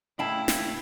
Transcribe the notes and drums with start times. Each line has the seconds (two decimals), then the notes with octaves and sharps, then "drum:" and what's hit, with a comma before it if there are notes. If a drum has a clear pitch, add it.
0.19 A2 C#3 E4 F5 G5 A5 B5
0.48 drum: snare